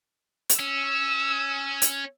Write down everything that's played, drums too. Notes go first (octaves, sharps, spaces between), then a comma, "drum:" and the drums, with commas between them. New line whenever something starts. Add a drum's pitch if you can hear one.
drum: hi-hat
C#4 E6
drum: hi-hat